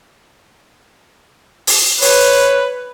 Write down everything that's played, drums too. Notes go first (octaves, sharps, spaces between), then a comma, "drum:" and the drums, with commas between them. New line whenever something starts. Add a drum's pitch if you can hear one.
drum: open hi-hat
B4 C#5, drum: open hi-hat